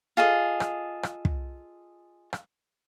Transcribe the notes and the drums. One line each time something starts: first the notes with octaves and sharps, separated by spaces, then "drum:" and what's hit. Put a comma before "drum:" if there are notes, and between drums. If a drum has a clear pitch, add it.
F4 G#4 A4 D#5
drum: rim click
drum: rim click
drum: kick
drum: rim click